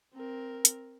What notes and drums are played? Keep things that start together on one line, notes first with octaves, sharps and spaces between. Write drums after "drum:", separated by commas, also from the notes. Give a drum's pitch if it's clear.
C4 A#4
drum: hi-hat